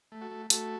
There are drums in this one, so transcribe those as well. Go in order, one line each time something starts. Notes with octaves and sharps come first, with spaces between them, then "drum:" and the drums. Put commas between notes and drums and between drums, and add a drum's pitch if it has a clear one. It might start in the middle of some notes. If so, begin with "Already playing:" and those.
A3
F#4 A4
A3
A3 F#4 A4, drum: hi-hat